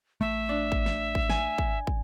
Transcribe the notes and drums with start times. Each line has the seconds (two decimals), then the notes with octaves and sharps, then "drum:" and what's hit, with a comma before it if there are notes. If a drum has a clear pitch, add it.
0.21 A1 A3 E5
0.49 D4
0.72 drum: kick
0.86 drum: snare
1.15 drum: kick
1.30 G#5, drum: snare
1.58 drum: kick
1.87 drum: kick